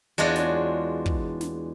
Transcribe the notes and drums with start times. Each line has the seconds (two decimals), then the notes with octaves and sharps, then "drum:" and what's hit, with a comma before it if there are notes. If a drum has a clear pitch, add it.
0.18 E2 G#3 D4 F4 F#4 C#5
0.36 drum: snare
1.06 drum: kick
1.41 drum: snare